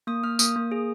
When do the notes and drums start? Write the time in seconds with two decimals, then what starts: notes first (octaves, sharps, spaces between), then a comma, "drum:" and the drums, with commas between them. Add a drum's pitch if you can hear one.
0.07 A#3 D#6
0.23 A#3 F6
0.39 A#3 D#6, drum: tambourine
0.56 A#3
0.72 G#4